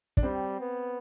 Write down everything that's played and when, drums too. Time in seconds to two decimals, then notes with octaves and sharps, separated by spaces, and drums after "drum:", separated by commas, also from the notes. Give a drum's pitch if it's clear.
0.17 D4, drum: kick
0.23 G3 C4
0.60 B3